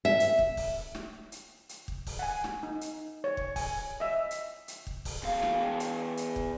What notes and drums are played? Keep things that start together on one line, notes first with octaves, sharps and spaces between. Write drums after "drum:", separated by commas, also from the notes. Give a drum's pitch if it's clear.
E5
drum: hi-hat
drum: kick
drum: kick, open hi-hat
drum: snare
drum: hi-hat
drum: hi-hat
drum: kick
drum: kick, open hi-hat
F#5 G#5
drum: snare
D#4
drum: hi-hat
C#5
drum: kick
G#5, drum: kick, open hi-hat
D#5 E5
drum: hi-hat
drum: hi-hat
drum: kick
drum: kick, open hi-hat
E2 F5
drum: snare
drum: hi-hat
drum: hi-hat
drum: kick